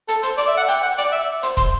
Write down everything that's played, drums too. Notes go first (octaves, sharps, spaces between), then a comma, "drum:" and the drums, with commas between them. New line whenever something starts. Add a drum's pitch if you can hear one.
A4, drum: hi-hat
C5, drum: hi-hat
D5, drum: hi-hat
E5
F#5
G5, drum: hi-hat
F#5
D5, drum: hi-hat
E5
C5, drum: hi-hat
C5, drum: kick, hi-hat